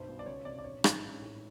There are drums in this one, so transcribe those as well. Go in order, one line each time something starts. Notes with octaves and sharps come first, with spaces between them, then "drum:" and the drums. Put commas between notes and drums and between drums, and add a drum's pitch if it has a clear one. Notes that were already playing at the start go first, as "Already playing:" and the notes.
Already playing: B1 G2 C5
B2
D5
C#2 C#5
C3 D5
D5
A#1 C#5
G#2, drum: rim click
A1
A2